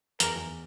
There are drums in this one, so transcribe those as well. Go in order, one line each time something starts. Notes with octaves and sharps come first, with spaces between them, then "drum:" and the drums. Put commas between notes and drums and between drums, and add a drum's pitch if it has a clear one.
E2 A#4, drum: hi-hat
E2